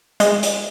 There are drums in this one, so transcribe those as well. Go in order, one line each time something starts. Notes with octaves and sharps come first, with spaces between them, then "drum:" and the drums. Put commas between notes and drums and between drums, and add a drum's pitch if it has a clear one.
G#3, drum: hi-hat
drum: hi-hat